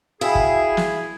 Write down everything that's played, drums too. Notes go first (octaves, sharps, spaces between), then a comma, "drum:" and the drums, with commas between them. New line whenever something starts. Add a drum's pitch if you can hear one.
E4 F#4 G#4 E5 F5 G5 G#5 B5
drum: kick F#1
drum: snare